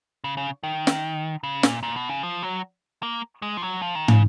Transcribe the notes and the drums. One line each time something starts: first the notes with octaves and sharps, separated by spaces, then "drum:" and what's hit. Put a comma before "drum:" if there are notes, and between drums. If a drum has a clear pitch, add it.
C#3
C#3
D#3
drum: snare
C#3
A#2, drum: snare
A#2
B2
C#3
F3
F#3
A#3
G#3
F3
F#3
F3
D#3
C#3, drum: tom